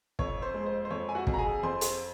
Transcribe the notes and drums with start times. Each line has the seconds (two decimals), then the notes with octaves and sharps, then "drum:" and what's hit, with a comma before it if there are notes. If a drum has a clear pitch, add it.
0.19 F2 C#5, drum: kick
0.42 C5
0.54 G#3
0.66 C5
0.85 C5
0.90 F2 C#5
1.09 G#5
1.15 F#4 F#5
1.27 F2, drum: kick
1.34 A#5
1.39 G#4 G#5
1.63 F2 C5 C6
1.81 drum: hi-hat